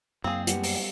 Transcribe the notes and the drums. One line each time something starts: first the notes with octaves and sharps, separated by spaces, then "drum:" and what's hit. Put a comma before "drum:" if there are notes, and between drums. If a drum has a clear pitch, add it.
F#2 A#3 C4 G#4 F5
G3 B3 F#5, drum: hi-hat
drum: open hi-hat